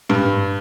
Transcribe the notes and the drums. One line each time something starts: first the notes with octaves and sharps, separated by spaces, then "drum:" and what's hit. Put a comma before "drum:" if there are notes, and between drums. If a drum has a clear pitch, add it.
G2, drum: tom